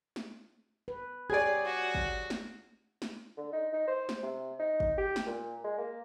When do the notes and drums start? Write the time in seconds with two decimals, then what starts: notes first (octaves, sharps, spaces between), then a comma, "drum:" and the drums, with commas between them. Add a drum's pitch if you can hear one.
0.16 drum: snare
0.88 B4
1.30 G4 G#4 C#5 D5 G#5 G#6
1.65 F#4
1.95 drum: kick
2.30 drum: snare
3.02 drum: snare
3.37 D3
3.53 D#4
3.73 D#4
3.88 C5
4.09 drum: snare
4.23 C3
4.60 D#4
4.80 drum: kick
4.98 G4
5.16 drum: snare
5.26 A#2
5.64 G#3
5.78 A#3